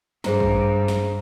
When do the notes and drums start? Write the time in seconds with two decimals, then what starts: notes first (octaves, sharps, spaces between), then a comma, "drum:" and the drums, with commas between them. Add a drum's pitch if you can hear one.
0.24 G2 G#4 C5 A#5, drum: snare
0.40 drum: kick A1
0.88 drum: snare